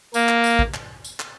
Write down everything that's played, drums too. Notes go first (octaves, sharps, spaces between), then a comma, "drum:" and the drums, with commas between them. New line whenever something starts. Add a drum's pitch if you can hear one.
A#3, drum: tambourine
drum: clap
drum: tambourine
drum: kick
drum: clap
drum: tambourine
drum: clap